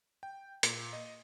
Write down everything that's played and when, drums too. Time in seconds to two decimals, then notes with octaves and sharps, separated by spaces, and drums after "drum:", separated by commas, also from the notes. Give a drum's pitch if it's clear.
0.23 G5
0.63 A#2, drum: hi-hat
0.93 D#5